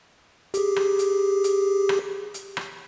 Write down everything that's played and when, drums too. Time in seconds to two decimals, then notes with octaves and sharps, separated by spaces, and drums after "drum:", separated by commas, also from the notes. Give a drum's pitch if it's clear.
0.54 G4 G#4, drum: hi-hat
0.76 drum: rim click
0.99 drum: hi-hat
1.44 drum: hi-hat
1.89 drum: rim click
2.34 drum: hi-hat
2.57 drum: rim click